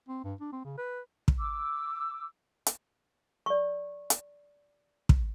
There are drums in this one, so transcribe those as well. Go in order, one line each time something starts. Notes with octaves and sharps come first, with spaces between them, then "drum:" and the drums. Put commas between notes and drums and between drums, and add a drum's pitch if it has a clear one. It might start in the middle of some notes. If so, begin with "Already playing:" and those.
C4
G2
D4
C4
C#3
B4
drum: kick
D6 E6
drum: hi-hat
D5 C#6
drum: hi-hat
drum: kick